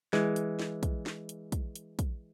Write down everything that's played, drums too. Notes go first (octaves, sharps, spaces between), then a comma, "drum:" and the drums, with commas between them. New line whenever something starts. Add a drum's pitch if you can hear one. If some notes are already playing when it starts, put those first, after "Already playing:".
E3 G#3, drum: snare
drum: hi-hat
drum: snare
drum: kick, hi-hat
drum: snare
drum: hi-hat
drum: kick, hi-hat
drum: hi-hat
drum: kick, hi-hat